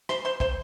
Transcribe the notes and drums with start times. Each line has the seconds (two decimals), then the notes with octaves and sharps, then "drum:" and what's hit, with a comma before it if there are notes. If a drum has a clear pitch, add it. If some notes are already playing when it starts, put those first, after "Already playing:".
0.09 C5 C6, drum: rim click
0.25 C5 C6
0.40 C5 C6, drum: kick